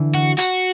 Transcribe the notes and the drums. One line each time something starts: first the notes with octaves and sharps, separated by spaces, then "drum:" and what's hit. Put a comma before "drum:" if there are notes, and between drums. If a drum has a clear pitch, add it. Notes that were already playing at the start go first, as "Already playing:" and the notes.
Already playing: D3 E3
F#4
F#4, drum: hi-hat